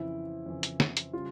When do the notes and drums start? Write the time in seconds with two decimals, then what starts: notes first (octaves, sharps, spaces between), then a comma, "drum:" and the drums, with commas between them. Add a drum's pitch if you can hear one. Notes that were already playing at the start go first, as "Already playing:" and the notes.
Already playing: F2 C#3 E3 E4
0.46 F2 C#3 E3
0.63 drum: hi-hat
0.80 drum: snare
0.97 drum: hi-hat
1.13 C#3 G3 F4